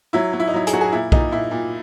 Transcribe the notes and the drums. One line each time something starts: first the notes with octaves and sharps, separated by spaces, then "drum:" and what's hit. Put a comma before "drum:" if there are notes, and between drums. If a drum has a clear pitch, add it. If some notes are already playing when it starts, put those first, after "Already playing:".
F#3 E4
F#3
E4
D#4
F#3 E4
G#4, drum: hi-hat
F#3 F#4
G#4
A#2 E4
A#2 D#4, drum: kick B1
A#2 E4
A#2